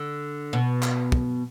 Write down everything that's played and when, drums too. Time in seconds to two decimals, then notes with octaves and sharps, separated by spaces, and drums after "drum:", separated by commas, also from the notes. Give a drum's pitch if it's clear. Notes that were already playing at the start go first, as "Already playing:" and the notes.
Already playing: D3
0.53 B2
0.82 drum: clap
1.12 drum: kick